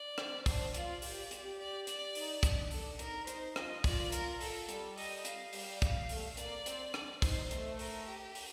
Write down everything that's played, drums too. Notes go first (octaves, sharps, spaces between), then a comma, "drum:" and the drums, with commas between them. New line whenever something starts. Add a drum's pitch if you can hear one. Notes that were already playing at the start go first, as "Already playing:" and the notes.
Already playing: D5
C4, drum: rim click
D4 C5, drum: kick, open hi-hat
F4 D5, drum: hi-hat
G4, drum: open hi-hat
G4, drum: hi-hat
D5
D5, drum: hi-hat
D#4, drum: open hi-hat
D4, drum: kick, hi-hat
D4 A4, drum: open hi-hat
D#4 A#4, drum: hi-hat
D#4 C5, drum: hi-hat
F4 D#5, drum: rim click
F4 D5, drum: kick, open hi-hat
A#4, drum: hi-hat
A4, drum: open hi-hat
G3 A4, drum: hi-hat
D#5, drum: open hi-hat
F5, drum: hi-hat
G3, drum: open hi-hat
F5, drum: kick, hi-hat
A3, drum: open hi-hat
A#3 D5, drum: hi-hat
C4, drum: hi-hat
D4 D5, drum: rim click
D#4 C5, drum: kick, open hi-hat
A3, drum: hi-hat
A#4, drum: open hi-hat
G4
drum: open hi-hat